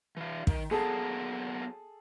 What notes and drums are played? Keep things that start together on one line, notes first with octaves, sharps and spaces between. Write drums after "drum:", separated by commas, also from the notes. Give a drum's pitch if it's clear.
E3 F5
D#3, drum: kick
F#3 A#3 B3 G#4 A4 A5